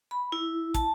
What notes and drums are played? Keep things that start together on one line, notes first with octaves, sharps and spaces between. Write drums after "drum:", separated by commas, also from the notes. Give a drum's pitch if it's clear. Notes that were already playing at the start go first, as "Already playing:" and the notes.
B5
E4
A5, drum: kick, hi-hat